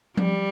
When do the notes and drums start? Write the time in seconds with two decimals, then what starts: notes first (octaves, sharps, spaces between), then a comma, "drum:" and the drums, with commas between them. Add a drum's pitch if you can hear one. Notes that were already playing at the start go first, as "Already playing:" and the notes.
0.17 G3, drum: tom F3